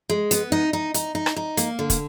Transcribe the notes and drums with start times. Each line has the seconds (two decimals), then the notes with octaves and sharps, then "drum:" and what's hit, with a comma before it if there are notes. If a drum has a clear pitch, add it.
0.09 G#3
0.31 B3, drum: hi-hat
0.52 D#4
0.73 D#4
0.94 D#4, drum: hi-hat
1.15 D#4
1.26 drum: rim click
1.36 D#4
1.57 A#3, drum: hi-hat
1.79 D3
1.90 drum: kick, hi-hat